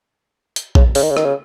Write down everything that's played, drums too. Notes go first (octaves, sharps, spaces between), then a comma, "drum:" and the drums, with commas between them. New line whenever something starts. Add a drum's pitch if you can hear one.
drum: hi-hat
C#3, drum: kick A#1
C#3, drum: open hi-hat
D#3
C#3
D#3, drum: rim click
C#3